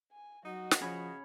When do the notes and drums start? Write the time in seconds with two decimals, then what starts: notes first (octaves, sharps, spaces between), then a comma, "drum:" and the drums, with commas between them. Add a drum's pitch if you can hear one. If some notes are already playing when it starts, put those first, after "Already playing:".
0.12 G#5
0.45 F#3 D#4 F#4 D#5
0.71 drum: snare
0.81 C#3 F3 C#4 C#5 B5